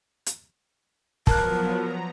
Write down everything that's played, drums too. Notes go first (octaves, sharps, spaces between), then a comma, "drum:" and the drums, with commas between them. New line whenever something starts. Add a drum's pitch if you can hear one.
drum: hi-hat
F3 F#3 B3 A#4 A5 F#6, drum: kick
A#5